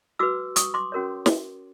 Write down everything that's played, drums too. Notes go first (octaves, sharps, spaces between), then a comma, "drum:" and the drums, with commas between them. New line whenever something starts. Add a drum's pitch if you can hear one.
F#4 B4 D6 E6
C#6 D#6, drum: hi-hat
C6 D6
C#4 F#4 A#4 C#5
drum: snare